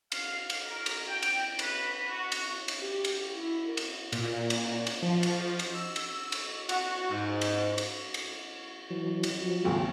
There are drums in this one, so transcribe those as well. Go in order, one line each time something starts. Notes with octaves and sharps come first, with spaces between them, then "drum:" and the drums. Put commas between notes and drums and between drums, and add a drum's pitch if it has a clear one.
F5, drum: cymbal
drum: cymbal
A#4
drum: cymbal
G5
drum: cymbal
B4, drum: cymbal
F#4
drum: cymbal
drum: cymbal
G4
drum: cymbal
E4
A#4
drum: cymbal
A#2, drum: cymbal
drum: cymbal
drum: cymbal
F3
drum: cymbal
drum: cymbal
E6
drum: cymbal
drum: cymbal
F#4, drum: cymbal
G#2
drum: cymbal
drum: cymbal
drum: cymbal
E3 F#3
drum: cymbal
F3 F#3
G#1 D#2 C#3